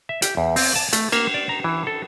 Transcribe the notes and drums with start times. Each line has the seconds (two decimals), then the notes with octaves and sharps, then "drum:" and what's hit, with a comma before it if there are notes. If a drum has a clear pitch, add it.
0.09 E5
0.22 G4, drum: hi-hat
0.37 E2
0.56 C4, drum: open hi-hat
0.76 A5
0.93 A3, drum: hi-hat
1.12 A#3, drum: cymbal
1.34 D5
1.49 A#5
1.64 E3
1.87 A4